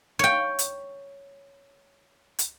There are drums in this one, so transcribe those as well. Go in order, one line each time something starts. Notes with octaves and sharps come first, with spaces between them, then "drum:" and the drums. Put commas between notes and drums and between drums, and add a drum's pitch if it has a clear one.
C#5 G5
drum: hi-hat
drum: hi-hat